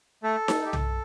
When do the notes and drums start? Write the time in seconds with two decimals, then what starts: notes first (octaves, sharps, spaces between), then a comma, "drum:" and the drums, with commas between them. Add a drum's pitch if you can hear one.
0.23 A3 A4
0.48 drum: snare D#4
0.61 D#4 G4
0.73 drum: tom